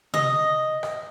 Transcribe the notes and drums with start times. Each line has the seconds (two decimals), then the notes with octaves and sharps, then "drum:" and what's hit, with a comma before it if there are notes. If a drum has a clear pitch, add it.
0.14 D#5, drum: tom C3
0.83 drum: rim click